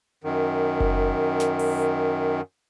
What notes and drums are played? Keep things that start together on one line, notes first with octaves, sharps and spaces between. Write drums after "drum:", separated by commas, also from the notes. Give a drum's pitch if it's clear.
F#2 D#3
drum: kick F#1
drum: snare
drum: open hi-hat